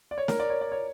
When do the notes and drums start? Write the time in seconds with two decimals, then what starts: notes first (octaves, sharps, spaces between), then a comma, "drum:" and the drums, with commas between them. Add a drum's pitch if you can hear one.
0.11 D5
0.18 C#5
0.28 A#4, drum: snare
0.39 D5
0.50 C#5
0.61 D5
0.72 C#5